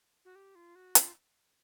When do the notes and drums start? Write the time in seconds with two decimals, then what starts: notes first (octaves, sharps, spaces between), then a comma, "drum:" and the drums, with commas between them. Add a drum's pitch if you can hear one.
0.25 F#4
0.35 G4
0.55 F4
0.75 F#4
0.95 F4, drum: hi-hat